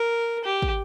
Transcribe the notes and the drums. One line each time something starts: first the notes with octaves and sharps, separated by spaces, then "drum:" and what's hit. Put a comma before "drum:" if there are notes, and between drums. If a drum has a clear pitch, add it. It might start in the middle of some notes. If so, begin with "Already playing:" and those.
Already playing: A#4
G4
drum: kick